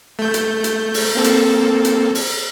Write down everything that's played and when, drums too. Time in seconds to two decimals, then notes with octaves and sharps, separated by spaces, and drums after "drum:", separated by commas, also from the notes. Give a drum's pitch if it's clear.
0.19 A3 G6
0.34 drum: hi-hat
0.64 drum: hi-hat
0.94 drum: open hi-hat
1.15 A#3 C4 A4
1.24 drum: hi-hat
1.85 drum: hi-hat
2.15 drum: open hi-hat